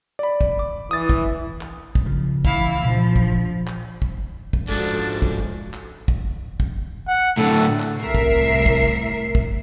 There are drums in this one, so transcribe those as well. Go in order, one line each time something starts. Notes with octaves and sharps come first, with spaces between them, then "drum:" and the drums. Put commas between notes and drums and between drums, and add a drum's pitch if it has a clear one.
D5 B5
drum: kick
D6
E3 D#6 A6
drum: kick
drum: clap
drum: kick
C#3 F3
C#2 E3 E4 F5, drum: kick
A#2 F3 D4
drum: kick
drum: clap
drum: kick
drum: kick
G#2 F3 D4 F#4 A4
drum: kick
drum: clap
drum: kick
drum: kick
F#5
A2 D3 A4
drum: clap
C2 A2 A#4 E5 C7
drum: kick
drum: kick
drum: kick